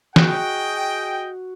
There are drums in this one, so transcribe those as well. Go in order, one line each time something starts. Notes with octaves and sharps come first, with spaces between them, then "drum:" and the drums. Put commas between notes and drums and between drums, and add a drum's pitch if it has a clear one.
F#4 G#4 D#5 G5, drum: snare